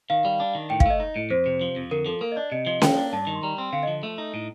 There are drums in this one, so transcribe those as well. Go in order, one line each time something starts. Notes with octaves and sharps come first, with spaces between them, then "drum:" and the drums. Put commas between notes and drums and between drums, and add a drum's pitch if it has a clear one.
D#3 F5
G3
D4
D#3
A2 G5
F5, drum: kick
A3 D#5
D#4
A2
F2 C5
C3
F3
F2
D3 A#4
F3 A4
A#3 A#4
D#5
D4 D5
C3 D#5
F3 D#5
A#3 G5, drum: snare C#4
D4
G2 A5
D#3
C6
G3 A#5
C4
D3 F5
D#5
F3
A3
D#4
A2